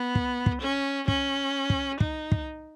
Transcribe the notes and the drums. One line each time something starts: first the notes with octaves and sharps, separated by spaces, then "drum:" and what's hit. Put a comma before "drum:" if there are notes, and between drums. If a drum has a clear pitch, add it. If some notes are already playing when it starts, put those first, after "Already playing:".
Already playing: B3
drum: kick
drum: kick
C#4
C#4, drum: kick
drum: kick
D#4, drum: kick
drum: kick